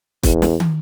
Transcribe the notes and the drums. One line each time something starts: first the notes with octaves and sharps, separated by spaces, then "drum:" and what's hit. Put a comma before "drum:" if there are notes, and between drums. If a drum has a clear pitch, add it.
E2, drum: kick, hi-hat
drum: snare
drum: tom